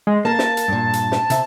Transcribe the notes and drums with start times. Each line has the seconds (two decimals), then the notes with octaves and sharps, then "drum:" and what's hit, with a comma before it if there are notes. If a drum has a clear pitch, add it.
0.07 G#3
0.25 A#3 A#4 A5
0.39 drum: snare
0.57 drum: hi-hat
0.68 G2 A#2
0.93 drum: hi-hat
1.12 drum: snare
1.30 C3 E5, drum: hi-hat